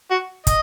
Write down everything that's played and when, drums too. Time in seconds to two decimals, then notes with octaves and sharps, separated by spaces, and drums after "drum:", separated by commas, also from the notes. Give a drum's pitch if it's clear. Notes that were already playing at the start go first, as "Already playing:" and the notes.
0.11 F#4
0.47 D#5, drum: kick, hi-hat